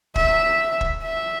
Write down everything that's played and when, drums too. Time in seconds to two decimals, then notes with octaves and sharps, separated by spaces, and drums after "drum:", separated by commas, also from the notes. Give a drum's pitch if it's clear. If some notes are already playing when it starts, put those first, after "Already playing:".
0.16 E5, drum: kick
0.81 drum: kick
1.02 E5